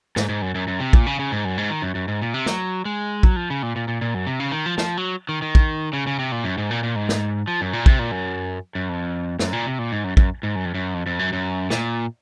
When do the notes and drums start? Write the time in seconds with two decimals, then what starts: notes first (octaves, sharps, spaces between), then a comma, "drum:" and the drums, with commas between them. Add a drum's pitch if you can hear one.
0.16 G#2, drum: snare
0.29 G#2
0.42 F#2
0.55 F#2
0.68 F#2
0.80 C3
0.93 A#2, drum: kick
1.06 C#3
1.19 C#3
1.32 G#2
1.45 F#2
1.58 G#2
1.70 D#3
1.82 F#2
1.95 F#2
2.08 G#2
2.22 A#2
2.34 C3
2.46 F#3, drum: snare
2.85 G#3
3.23 F#3, drum: kick
3.36 F3
3.50 C#3
3.63 A#2
3.76 A#2
3.88 A#2
4.01 A#2
4.14 F#2
4.27 C3
4.40 C#3
4.52 D#3
4.66 F3
4.78 F3, drum: snare
4.97 F#3
5.29 D#3
5.42 D#3
5.55 drum: kick
5.93 C#3
6.07 C#3
6.19 C3
6.32 A#2
6.44 F#2
6.58 G#2
6.71 A#2
6.83 A#2
6.96 G#2
7.09 drum: snare
7.47 F3
7.61 F#2
7.73 A#2
7.86 C3, drum: kick
7.99 A#2
8.11 F#2
8.75 F#2
8.89 F2
9.39 F#2, drum: snare
9.53 A#2
9.66 C3
9.79 A#2
9.92 G#2
10.04 F#2
10.17 F#2, drum: kick
10.43 G#2
10.55 F#2
10.65 F2
10.75 F#2
10.94 F2
11.06 F2
11.19 F#2
11.33 F#2
11.70 A#2, drum: snare